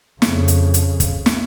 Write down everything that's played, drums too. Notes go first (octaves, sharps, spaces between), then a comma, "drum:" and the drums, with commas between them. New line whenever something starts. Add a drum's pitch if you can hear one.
F2 C#3, drum: snare
drum: hi-hat
drum: hi-hat
drum: kick, hi-hat
drum: snare